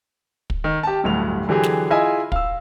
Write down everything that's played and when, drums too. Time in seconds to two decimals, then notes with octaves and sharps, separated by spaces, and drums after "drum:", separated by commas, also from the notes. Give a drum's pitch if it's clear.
0.50 drum: kick
0.64 D#3
0.83 G4 A5
1.04 D1 D2 G2 F7
1.48 D3 E3 F#3 G4 G#4
1.63 drum: snare
1.90 E4 F4 G#4 D#5 E5 G#5
2.32 F5 E6, drum: kick